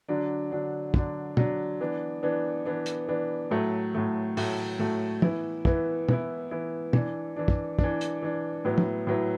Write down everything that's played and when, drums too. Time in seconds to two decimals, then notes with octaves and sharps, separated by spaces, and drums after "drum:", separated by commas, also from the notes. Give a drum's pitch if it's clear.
0.09 D3 F#3 D4
0.52 D3 F#3 D4
0.94 D3 F#3 D4, drum: kick
1.37 D3 F#3 D4, drum: tom
1.80 E3 B3 D4
2.23 E3 B3 D4
2.65 E3 B3 D4
2.86 drum: hi-hat
3.09 E3 B3 D4
3.51 A2 F#3 A3
3.95 A2 F#3 A3
4.37 A2 F#3 A3, drum: open hi-hat
4.79 A2 F#3 A3
5.22 E3 B3 E4, drum: tom
5.65 E3 B3 E4, drum: kick
6.09 E3 B3 E4, drum: tom
6.51 E3 B3 E4
6.93 E3 D4, drum: tom
7.36 E3 D4
7.48 drum: kick
7.79 E3 D4, drum: kick
8.01 drum: hi-hat
8.22 E3 D4
8.65 A2 F#3 B3 E4
8.78 drum: tom
9.07 A2 F#3 B3 E4